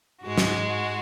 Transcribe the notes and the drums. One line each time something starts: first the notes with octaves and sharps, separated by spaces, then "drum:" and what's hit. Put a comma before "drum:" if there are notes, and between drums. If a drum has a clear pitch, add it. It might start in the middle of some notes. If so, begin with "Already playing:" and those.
G#2 G#3 F#4
drum: snare
F#4